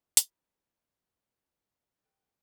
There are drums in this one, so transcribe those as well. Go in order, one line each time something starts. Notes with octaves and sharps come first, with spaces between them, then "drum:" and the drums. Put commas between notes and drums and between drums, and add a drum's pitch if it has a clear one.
A#5 B5 C#6, drum: hi-hat
A4 B4 F#5 G5